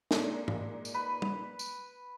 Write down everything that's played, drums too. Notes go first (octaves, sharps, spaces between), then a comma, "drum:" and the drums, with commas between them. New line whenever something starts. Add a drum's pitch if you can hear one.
A#2 G#3 D#4, drum: snare
drum: tom
drum: tambourine
B4 B5
drum: tom
drum: tambourine